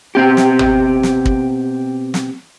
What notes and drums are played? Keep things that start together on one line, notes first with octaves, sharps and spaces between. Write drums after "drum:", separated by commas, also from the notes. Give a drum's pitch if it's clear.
B2 C4 G4
drum: snare
drum: tom
drum: snare
drum: kick
drum: snare